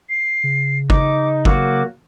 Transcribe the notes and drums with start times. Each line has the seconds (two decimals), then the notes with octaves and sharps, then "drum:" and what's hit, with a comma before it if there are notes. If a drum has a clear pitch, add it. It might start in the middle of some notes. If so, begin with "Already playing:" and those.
0.10 C7
0.44 C#3
0.90 D#4 D6, drum: kick
1.45 F#3 A#3 F#4 D6, drum: kick